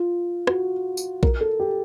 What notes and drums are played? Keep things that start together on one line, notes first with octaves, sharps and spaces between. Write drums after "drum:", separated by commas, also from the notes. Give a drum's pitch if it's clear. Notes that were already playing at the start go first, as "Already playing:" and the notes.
Already playing: F4
F#4, drum: rim click
drum: tambourine
A#4, drum: kick A#1
A4
G4